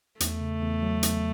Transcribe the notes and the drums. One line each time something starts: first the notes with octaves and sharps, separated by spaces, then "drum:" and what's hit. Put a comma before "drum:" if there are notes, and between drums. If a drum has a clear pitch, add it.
E2 A3, drum: hi-hat
C#3
E2
F#3
E2, drum: hi-hat